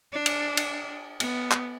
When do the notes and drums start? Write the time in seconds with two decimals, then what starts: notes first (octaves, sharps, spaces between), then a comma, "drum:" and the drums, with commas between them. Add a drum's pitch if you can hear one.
0.13 D4
0.26 drum: cymbal
0.57 drum: cymbal
1.20 B3, drum: cymbal
1.51 drum: clap